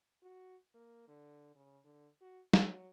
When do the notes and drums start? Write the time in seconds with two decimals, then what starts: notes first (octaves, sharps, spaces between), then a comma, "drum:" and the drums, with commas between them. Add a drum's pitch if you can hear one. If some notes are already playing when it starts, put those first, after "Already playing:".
0.22 F#4
0.74 A#3
1.08 D3
1.55 C#3
1.84 D3
2.21 F#4
2.53 F#3, drum: snare